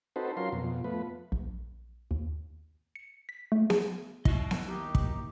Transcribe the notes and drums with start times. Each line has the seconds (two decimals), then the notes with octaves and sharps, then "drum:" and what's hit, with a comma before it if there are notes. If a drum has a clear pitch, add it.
0.16 C4 D#4 F#4 A4 B4 C5
0.37 F#3 C#4 F4 A#4 C6
0.52 F2 B2
0.84 F3 A3 B3 B4
1.32 A#1
2.11 D#2
2.96 C#7
3.29 B6
3.52 A3
3.70 G#4, drum: snare B3
4.25 E4 F#4 D#5, drum: kick
4.51 drum: snare B3
4.67 D#2 D#4 G4
4.95 drum: kick